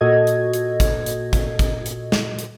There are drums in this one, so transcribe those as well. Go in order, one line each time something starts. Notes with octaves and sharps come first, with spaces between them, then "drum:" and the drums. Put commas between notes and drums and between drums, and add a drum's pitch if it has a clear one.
A#2 F#4 A4 D#5 G#6
drum: hi-hat
drum: hi-hat
drum: kick, hi-hat
drum: hi-hat
drum: kick, hi-hat
drum: kick, hi-hat
drum: hi-hat
drum: snare
drum: hi-hat